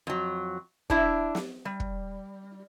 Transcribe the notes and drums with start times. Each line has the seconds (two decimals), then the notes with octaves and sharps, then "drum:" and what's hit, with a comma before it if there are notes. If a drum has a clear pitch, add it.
0.07 F2 F#3
0.90 D4 E4 E5, drum: kick
1.35 drum: snare
1.65 G3
1.80 drum: kick